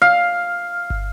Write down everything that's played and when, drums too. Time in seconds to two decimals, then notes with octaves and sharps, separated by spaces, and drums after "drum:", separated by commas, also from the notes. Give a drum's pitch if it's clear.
0.02 F5
0.90 drum: kick